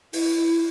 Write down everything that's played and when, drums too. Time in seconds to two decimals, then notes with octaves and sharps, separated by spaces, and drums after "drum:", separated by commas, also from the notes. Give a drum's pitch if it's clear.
0.13 E4, drum: open hi-hat